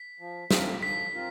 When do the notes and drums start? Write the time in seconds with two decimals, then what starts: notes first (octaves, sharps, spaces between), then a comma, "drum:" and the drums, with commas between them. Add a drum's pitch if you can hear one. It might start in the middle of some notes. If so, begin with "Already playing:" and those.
Already playing: B6
0.19 F3
0.51 A3 C4 F4 A#4, drum: snare
0.82 F3 B6
1.14 C4 F4 A#4